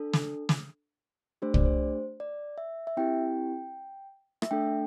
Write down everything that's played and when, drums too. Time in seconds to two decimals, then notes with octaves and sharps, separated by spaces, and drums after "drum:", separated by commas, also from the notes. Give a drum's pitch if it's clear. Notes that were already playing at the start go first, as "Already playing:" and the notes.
Already playing: D4 A4
0.13 drum: snare
0.49 drum: snare
1.42 A3 D4 G4 C5
1.54 D5, drum: kick
1.65 C5
2.20 D5
2.58 E5
2.87 E5
2.97 C4 E4 G4 G5
4.42 E5, drum: rim click
4.51 A3 D4 A4 G5